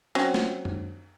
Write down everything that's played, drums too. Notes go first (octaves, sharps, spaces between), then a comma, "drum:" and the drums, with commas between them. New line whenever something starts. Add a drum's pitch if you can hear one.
F#3 C4 C#4, drum: cymbal
drum: snare
drum: tom F#2